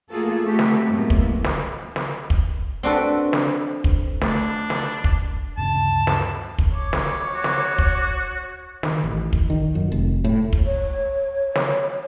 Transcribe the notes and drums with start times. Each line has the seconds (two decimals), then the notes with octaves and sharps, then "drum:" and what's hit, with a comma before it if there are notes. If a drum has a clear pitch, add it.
0.11 A3 A#3 F4 F#4 G#4 A4
0.41 A3 C4 F#4 G4
0.59 drum: snare
0.87 F#2 A2 G#3 A#3 B3 E4
1.10 drum: kick
1.44 drum: snare
1.96 drum: snare
2.30 drum: kick
2.83 C4 D4 F#4 A4 B4
3.33 drum: snare
3.84 drum: kick
4.21 A3 D4, drum: snare
4.70 drum: snare
5.04 drum: kick
5.57 D2 G2 C#3 A5
6.07 drum: snare
6.58 drum: kick
6.74 C#5 D6
6.93 drum: snare
7.34 F#4
7.44 drum: snare
7.78 drum: kick
8.83 D#3, drum: snare
9.04 A1
9.33 drum: kick
9.50 D#3
9.75 F#2
9.92 F1
10.24 A2
10.53 drum: kick
10.66 C#5
11.55 drum: snare